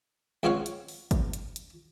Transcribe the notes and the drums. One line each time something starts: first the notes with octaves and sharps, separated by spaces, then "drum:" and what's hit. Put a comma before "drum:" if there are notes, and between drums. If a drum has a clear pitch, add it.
C#2 F3 C4 C#5 F5 F#5
drum: hi-hat
drum: open hi-hat
drum: kick G#1, hi-hat
drum: hi-hat
drum: hi-hat